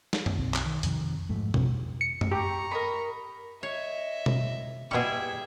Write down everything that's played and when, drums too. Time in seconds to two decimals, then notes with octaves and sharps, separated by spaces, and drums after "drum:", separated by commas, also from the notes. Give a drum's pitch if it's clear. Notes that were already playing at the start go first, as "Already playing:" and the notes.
0.13 drum: snare
0.26 drum: tom F#2
0.38 B1 C4
0.54 drum: clap
0.66 D#3
0.83 F2 C3 D#3, drum: hi-hat
1.29 G#2 F3 A3
1.54 A1 F2 C3 F3, drum: tom B2
2.01 C#7
2.21 drum: tom F#2
2.31 G4 A#5 C#6
2.71 A#4 D#5 B5
3.63 C#5 D#5 E5
4.26 drum: tom B2
4.91 B2 G3 E4 G#4 E5 C#6